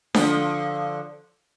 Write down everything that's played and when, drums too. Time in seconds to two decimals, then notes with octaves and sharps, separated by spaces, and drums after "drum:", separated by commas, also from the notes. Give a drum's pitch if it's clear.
0.14 D3 F3, drum: snare D4